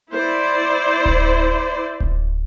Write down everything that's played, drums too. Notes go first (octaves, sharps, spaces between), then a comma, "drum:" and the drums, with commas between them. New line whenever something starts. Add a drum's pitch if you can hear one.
E4 C5 D5
drum: kick D1
drum: kick D1